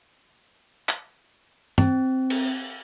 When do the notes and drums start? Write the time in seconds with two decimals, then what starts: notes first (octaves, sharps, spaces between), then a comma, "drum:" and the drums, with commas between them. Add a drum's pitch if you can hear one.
0.89 drum: clap
1.78 C4, drum: tom
2.30 drum: cymbal